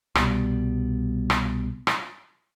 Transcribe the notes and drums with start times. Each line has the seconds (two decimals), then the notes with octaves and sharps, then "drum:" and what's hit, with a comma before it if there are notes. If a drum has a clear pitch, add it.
0.15 C2 B2 G3, drum: rim click
1.30 drum: rim click
1.87 drum: rim click